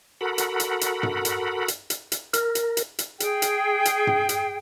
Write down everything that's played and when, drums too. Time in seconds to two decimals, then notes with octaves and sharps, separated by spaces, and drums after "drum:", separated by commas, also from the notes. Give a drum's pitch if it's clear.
0.21 F#4 A4 A#4 F#5 B5
0.38 drum: hi-hat
0.60 drum: hi-hat
0.81 drum: hi-hat
1.03 drum: tom
1.25 drum: hi-hat
1.68 drum: hi-hat
1.90 drum: hi-hat
2.12 drum: hi-hat
2.33 A#4, drum: hi-hat
2.55 drum: hi-hat
2.77 drum: hi-hat
2.99 drum: hi-hat
3.20 G#4 G5, drum: hi-hat
3.42 drum: hi-hat
3.85 drum: hi-hat
4.07 drum: tom
4.29 drum: hi-hat